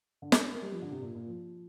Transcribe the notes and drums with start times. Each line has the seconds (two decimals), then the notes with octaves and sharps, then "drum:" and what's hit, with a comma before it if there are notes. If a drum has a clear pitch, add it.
0.22 D3
0.32 D4, drum: snare
0.52 A#3
0.62 G3
0.72 F3
0.82 D3
0.92 C3
1.02 A#2
1.15 A#2
1.28 F3